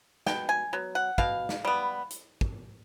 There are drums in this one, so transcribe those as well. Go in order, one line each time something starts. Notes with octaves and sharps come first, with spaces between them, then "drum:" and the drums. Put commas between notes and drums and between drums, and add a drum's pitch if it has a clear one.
B2 G5, drum: snare
G#5
F#3 B3
F#5
B2 F5, drum: kick
drum: snare
G3 B3
drum: hi-hat
drum: kick